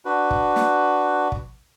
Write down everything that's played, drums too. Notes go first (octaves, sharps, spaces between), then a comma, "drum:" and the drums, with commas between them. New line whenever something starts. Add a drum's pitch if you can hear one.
D4 F#4 B4
drum: kick
drum: snare
drum: kick